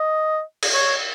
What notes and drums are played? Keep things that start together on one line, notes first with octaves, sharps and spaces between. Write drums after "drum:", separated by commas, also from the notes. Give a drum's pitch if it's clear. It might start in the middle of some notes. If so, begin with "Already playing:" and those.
Already playing: D#5
drum: cymbal
C#5